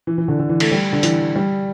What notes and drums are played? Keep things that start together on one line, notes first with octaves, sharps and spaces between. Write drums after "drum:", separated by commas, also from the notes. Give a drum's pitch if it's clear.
E3
E3
D3
D3
E3
A3, drum: cymbal
G3
D3
E3, drum: hi-hat
G3